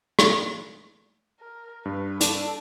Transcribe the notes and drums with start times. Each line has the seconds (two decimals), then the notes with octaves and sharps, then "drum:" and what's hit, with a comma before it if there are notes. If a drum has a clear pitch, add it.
0.19 drum: rim click
1.41 A#4
1.85 G2 B4
2.21 D4 A4, drum: hi-hat